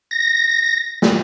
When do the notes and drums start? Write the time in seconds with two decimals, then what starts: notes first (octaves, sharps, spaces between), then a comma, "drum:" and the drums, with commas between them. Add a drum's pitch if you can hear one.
0.11 A#6
1.02 drum: snare